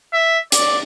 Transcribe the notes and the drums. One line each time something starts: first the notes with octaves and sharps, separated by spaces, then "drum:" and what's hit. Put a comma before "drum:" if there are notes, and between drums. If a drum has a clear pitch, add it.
E5
D5, drum: hi-hat